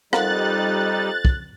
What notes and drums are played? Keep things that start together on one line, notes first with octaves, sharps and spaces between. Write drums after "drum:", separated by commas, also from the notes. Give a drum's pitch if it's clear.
F2 G3 D#4 A#4 F5 F#5 F#6 A6, drum: rim click
drum: kick